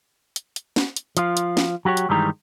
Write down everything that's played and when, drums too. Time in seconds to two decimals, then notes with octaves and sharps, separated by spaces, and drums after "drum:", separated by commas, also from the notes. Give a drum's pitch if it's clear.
0.36 drum: hi-hat
0.56 drum: hi-hat
0.76 drum: snare
0.96 drum: hi-hat
1.17 F3 F4, drum: hi-hat
1.37 drum: hi-hat
1.57 drum: snare
1.85 F#3 F#4 G4 C#5
1.97 drum: hi-hat
2.09 G2 D#3 E3 G3 G#3 A#5